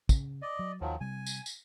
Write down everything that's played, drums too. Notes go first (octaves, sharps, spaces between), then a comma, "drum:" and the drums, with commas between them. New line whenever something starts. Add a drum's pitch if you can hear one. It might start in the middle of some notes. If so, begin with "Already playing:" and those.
C#3, drum: kick, tambourine
D5 D#5
F#3
D#2 D#3 F3 F#3
C3 G3 G#5
drum: tambourine
drum: tambourine